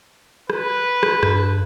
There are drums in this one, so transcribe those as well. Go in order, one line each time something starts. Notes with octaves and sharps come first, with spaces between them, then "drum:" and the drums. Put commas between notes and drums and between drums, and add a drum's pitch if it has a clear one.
B4, drum: rim click
drum: rim click
G2, drum: rim click